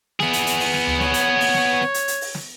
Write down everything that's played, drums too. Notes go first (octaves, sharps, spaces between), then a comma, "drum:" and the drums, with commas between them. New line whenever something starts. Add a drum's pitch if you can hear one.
B3 G#4, drum: snare
drum: hi-hat
drum: hi-hat
drum: open hi-hat
drum: snare
drum: tom D2
C#5, drum: snare
drum: hi-hat
drum: open hi-hat
drum: snare
drum: snare
drum: hi-hat
drum: hi-hat
drum: open hi-hat
drum: snare